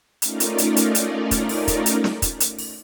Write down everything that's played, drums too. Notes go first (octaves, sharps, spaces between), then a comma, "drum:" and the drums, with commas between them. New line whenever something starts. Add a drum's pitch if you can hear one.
A3 C#4 D#4 F4 A#4 D5, drum: hi-hat
drum: hi-hat
drum: hi-hat
drum: hi-hat
drum: hi-hat
drum: kick, hi-hat
drum: open hi-hat
drum: kick, hi-hat
drum: hi-hat
drum: snare
drum: kick, hi-hat
drum: hi-hat
drum: open hi-hat